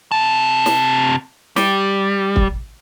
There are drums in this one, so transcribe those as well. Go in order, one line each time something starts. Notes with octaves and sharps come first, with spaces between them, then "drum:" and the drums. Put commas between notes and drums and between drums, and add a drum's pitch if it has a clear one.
C3 A5
drum: snare
G3, drum: snare
drum: kick